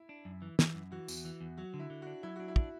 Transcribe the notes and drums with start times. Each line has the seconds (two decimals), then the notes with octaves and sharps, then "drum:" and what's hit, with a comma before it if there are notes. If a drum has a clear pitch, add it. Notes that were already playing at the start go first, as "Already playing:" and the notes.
Already playing: E4
0.09 D4
0.25 F#2
0.42 E3
0.59 E3, drum: snare
0.75 F#2
0.92 E3 F#4
1.08 E2, drum: tambourine
1.25 E3
1.41 E2
1.58 F#3 F#4
1.74 D3
1.80 E4
1.90 D3
2.02 D4 F#4
2.23 F#3 E4
2.36 D4 F#4
2.48 E4
2.56 D4, drum: kick